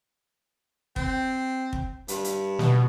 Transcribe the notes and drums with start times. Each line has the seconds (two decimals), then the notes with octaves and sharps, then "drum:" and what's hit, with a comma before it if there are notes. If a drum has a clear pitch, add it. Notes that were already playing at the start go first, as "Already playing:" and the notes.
0.96 C4, drum: kick
1.73 drum: kick
2.08 G2, drum: hi-hat
2.24 drum: hi-hat
2.59 B2, drum: snare